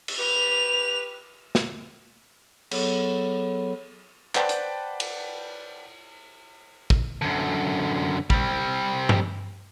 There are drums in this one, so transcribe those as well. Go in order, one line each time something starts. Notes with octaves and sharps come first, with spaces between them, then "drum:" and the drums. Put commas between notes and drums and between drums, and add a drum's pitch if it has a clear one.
drum: cymbal
G4 B4 F7
drum: snare
F#3 B3 G#4 A4 C#5 B5, drum: cymbal
B4 C5 D5 F#5 G5 A5, drum: clap
drum: hi-hat
drum: cymbal
drum: kick
F#2 D3
G3 C4, drum: kick
drum: tom G2